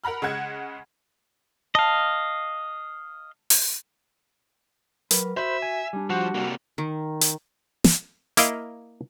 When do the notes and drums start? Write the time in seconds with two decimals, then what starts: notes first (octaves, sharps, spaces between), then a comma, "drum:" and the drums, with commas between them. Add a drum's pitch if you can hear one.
0.04 A#4 F#5 A#5 B5 F6
0.22 C#3 G#3 F#5 G#6
1.75 D#5 F5 A5
3.50 drum: open hi-hat
5.11 F#3 A#4 B4, drum: hi-hat
5.37 F#4 C5 E5 B5
5.62 G#5
5.93 G3 D4
6.10 F3 F#4 F#5
6.35 C3 A#3
6.78 D#3
7.21 drum: hi-hat
7.84 drum: snare
8.37 A#3 E4 A#4 D#5 F5, drum: hi-hat